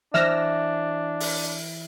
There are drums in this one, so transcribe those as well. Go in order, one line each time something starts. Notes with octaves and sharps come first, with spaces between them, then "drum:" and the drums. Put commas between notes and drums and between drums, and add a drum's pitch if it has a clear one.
E3 D4 C5 E5 E6 F6 A#6, drum: snare
drum: open hi-hat